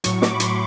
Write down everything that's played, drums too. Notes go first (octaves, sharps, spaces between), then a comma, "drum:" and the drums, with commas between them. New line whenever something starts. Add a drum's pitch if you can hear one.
A2 F#3 C#6, drum: hi-hat
D6, drum: snare
B5
C6, drum: hi-hat